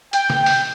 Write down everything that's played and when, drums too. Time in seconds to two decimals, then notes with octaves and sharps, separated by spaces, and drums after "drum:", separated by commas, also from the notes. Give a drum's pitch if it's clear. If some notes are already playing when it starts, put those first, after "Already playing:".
0.13 G5, drum: hi-hat
0.30 drum: snare
0.46 drum: open hi-hat